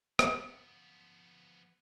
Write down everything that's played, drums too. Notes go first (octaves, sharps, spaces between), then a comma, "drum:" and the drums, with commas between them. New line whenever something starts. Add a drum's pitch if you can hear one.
F3 B3, drum: rim click